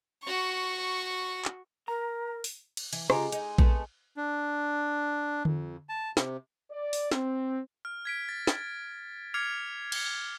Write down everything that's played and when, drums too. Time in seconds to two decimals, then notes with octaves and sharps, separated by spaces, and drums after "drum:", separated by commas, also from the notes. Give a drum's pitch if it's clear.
0.23 F#4 C#6
1.45 drum: clap
1.88 A#4 A#5
2.44 drum: open hi-hat
2.77 drum: cymbal
2.93 E3, drum: cymbal
3.10 C#3 G#3 F4 G4 A#5, drum: rim click
3.32 D#4 G#5, drum: hi-hat
3.58 A3 B3, drum: kick A#1
4.17 D4
5.45 F2, drum: tom D3
5.89 A5
6.17 C3, drum: snare
6.71 D5
6.93 drum: open hi-hat
7.11 C4, drum: snare
7.85 F6
8.05 G#6 B6 D7
8.29 A6
8.47 A6, drum: snare
9.34 D6 F6 G#6 C7 C#7 F7
9.92 C#7 G7, drum: cymbal